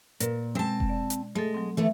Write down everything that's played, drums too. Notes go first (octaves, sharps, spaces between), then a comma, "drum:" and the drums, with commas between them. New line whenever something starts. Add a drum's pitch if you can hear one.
A#2 A#4 B4, drum: hi-hat
B2 G#3 C4 A5
drum: kick F1
D5
drum: hi-hat
G#3 A3 A4
F#3 C4
E3 A3 B3